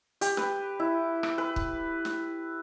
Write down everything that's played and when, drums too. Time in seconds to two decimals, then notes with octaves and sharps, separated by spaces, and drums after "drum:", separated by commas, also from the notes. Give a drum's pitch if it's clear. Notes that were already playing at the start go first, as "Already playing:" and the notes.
0.21 G4, drum: hi-hat
0.37 B4, drum: snare
0.80 E4
1.23 drum: rim click
1.38 B4
1.56 drum: kick
2.05 drum: snare